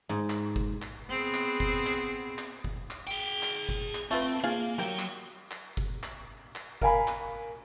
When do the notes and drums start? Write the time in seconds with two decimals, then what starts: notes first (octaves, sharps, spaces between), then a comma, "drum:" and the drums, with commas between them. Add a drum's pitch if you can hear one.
0.09 G#2
0.30 drum: clap
0.56 drum: kick F#1
0.82 drum: clap
1.08 B3 C4 G#4
1.34 drum: clap
1.60 drum: kick F#1
1.86 drum: clap
2.38 drum: clap
2.64 drum: kick F#1
2.91 drum: clap
3.07 G#4 G5
3.43 drum: clap
3.69 drum: kick F#1
3.95 drum: clap
4.11 A3 C4 F4 B4
4.44 A#3 F4 G#4 F5
4.78 F#3 F#4 G4 A#4 G5
4.99 drum: clap
5.51 drum: clap
5.77 drum: kick F#1
6.03 drum: clap
6.55 drum: clap
6.82 A#4 F5 G#5 B5, drum: kick F#1
7.08 drum: clap